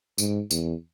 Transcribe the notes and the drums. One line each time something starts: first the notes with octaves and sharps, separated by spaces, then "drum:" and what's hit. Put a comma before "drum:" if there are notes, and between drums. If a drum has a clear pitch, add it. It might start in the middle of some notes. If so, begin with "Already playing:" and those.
G#2, drum: tambourine
E2, drum: tambourine